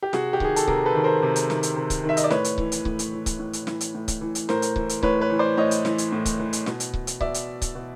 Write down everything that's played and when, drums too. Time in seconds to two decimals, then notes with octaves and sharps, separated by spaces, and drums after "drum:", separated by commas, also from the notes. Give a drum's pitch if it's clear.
0.03 G4
0.13 C3 F#4 G#4, drum: snare
0.33 G4
0.40 D#3 G#4, drum: kick C#1
0.56 A4, drum: hi-hat
0.68 C3 G#4 A#4, drum: kick C#1
0.86 A4 B4
0.95 D#3
1.04 A#4 C5
1.22 C3
1.36 drum: hi-hat
1.50 D#3, drum: snare
1.63 drum: hi-hat
1.76 C3
1.90 drum: kick C#1, hi-hat
2.04 D#3
2.09 E5
2.17 D#5, drum: hi-hat
2.24 D5
2.30 A2 B4 C#5, drum: snare
2.44 drum: hi-hat
2.58 E3, drum: kick C#1
2.72 drum: hi-hat
2.85 A2, drum: kick C#1
2.99 drum: hi-hat
3.13 E3
3.26 drum: kick C#1, hi-hat
3.39 A2
3.53 drum: hi-hat
3.67 E3, drum: snare
3.81 drum: hi-hat
3.95 A2
4.08 drum: kick C#1, hi-hat
4.21 E3
4.35 drum: hi-hat
4.49 A2 A#4 C5, drum: snare
4.62 drum: hi-hat
4.76 E3, drum: kick C#1
4.89 drum: hi-hat
5.03 A2 B4 C#5, drum: kick C#1
5.21 B4 C#5
5.30 E3
5.39 C5 D5
5.57 A2 C#5 D#5
5.71 drum: hi-hat
5.85 E3, drum: snare
5.98 drum: hi-hat
6.12 A2
6.25 drum: kick C#1, hi-hat
6.39 E3
6.53 drum: hi-hat
6.66 B2, drum: snare
6.80 drum: hi-hat
6.94 drum: kick C#1
7.07 drum: hi-hat
7.21 B2 D5 E5, drum: kick C#1
7.34 drum: hi-hat
7.62 drum: kick C#1, hi-hat
7.75 B2